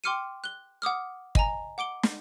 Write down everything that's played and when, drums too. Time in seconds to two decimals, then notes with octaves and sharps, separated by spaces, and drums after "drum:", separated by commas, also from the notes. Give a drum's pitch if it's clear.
0.04 G5 C6 D6 F6 C#7 D#7
0.44 F#6 G7
0.82 F#5 D6 D#6 F6
1.35 D#5 G#5 A#5, drum: kick
1.78 F#5 D6 D7 G7
2.03 drum: snare